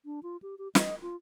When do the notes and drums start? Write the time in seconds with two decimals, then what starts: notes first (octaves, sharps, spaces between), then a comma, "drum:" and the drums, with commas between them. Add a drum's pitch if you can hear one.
0.05 D4
0.23 F4
0.42 G4
0.58 G4
0.75 D#5, drum: snare
1.02 F4